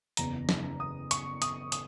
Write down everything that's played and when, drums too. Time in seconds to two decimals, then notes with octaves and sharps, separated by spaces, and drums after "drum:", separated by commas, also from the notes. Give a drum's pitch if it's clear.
0.17 F#1 E2 C#3 A#5, drum: hi-hat
0.49 drum: snare
0.80 D#6
1.11 C#6, drum: hi-hat
1.42 D#6, drum: hi-hat
1.72 D#6, drum: hi-hat